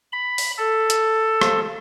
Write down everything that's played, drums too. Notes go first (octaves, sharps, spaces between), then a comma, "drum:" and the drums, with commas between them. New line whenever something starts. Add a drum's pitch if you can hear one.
B5
drum: open hi-hat
A4
drum: hi-hat
drum: rim click